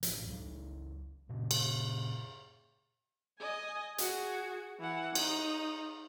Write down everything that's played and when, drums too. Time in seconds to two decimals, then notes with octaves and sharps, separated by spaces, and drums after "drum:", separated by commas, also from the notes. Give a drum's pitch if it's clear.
0.03 A1 F3, drum: hi-hat
0.28 C#2 F#3
1.29 A#2 C#3
1.51 drum: cymbal
3.40 D#5 G#5
3.98 F#4 G#4, drum: hi-hat
4.80 E3 F#5
5.15 D#4, drum: cymbal